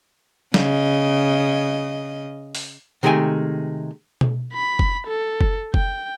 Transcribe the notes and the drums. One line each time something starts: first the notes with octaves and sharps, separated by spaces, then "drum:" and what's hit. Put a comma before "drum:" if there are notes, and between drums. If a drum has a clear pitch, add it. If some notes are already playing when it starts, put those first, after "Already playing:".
C#3 D#5, drum: snare
drum: open hi-hat
C3 D#3 G#3 A3 G5 G#5
drum: tom B2
B5
drum: kick F#1
A4
drum: kick F#1
G5, drum: kick F#1